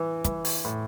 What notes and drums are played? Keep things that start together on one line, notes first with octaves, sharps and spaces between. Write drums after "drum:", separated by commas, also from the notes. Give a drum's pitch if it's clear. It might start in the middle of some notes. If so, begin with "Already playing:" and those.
Already playing: E3
E3, drum: kick, hi-hat
drum: open hi-hat
A2